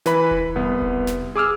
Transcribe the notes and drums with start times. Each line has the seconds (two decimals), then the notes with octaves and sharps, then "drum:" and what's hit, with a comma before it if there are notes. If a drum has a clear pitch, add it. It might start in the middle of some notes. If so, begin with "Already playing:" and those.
0.06 E3 B4 B5, drum: snare
0.31 drum: kick E1
0.55 C2 B3
0.82 drum: kick E1
1.07 drum: snare
1.35 G#4 D6 E6 F6